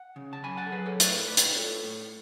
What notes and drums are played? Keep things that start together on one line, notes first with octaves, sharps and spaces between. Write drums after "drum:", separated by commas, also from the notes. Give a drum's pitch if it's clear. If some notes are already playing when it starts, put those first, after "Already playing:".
Already playing: F#5
C#3
A5
F#2 G#5 B5
F#5 A5
A4
F#3 G#4 B4
A4 C#5
A2 B4 D5, drum: hi-hat
A2 B4 D5
drum: hi-hat
F4 A4 C#5
A2